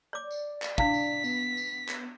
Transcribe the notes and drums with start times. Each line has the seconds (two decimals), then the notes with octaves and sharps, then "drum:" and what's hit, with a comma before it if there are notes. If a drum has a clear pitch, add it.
0.13 C#5 D5 D6
0.31 drum: tambourine
0.62 drum: clap
0.78 D4 E4 F5 B6, drum: kick
0.94 drum: tambourine
1.24 B3, drum: tambourine
1.57 drum: tambourine
1.89 drum: clap